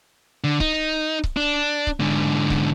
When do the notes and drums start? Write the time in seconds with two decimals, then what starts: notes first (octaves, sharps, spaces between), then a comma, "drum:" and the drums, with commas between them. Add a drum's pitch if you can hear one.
0.44 D3
0.60 D#4, drum: kick C#1
1.24 drum: kick C#1
1.37 D4
1.87 drum: kick C#1
2.00 G#2 D3
2.50 drum: kick C#1